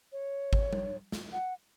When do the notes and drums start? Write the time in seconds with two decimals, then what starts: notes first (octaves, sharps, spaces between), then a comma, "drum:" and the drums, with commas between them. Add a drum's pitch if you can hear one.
0.12 C#5
0.53 drum: kick G#1
0.73 drum: tom G3
1.12 drum: snare
1.32 F#5